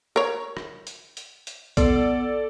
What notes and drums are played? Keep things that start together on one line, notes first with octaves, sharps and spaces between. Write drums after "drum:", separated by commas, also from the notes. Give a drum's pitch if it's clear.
A#4 C#5
drum: rim click
drum: hi-hat
drum: hi-hat
drum: hi-hat
B3 A4 D5, drum: kick A#1, hi-hat